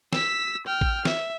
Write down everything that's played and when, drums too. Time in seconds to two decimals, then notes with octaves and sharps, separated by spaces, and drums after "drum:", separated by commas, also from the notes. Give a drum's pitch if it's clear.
0.13 E6 B6, drum: snare
0.66 G5 F6
0.81 drum: kick A1
1.05 E5, drum: snare